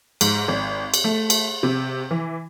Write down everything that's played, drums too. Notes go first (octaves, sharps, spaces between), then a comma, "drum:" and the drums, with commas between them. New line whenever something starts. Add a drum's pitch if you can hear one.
G#2, drum: cymbal
G#1
drum: cymbal
A3
drum: cymbal
C3
E3